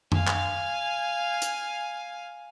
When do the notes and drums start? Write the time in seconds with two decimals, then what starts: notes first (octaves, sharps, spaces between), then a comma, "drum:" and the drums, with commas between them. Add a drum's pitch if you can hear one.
0.12 F5 G#5, drum: tom F#2
0.27 drum: clap
1.42 drum: hi-hat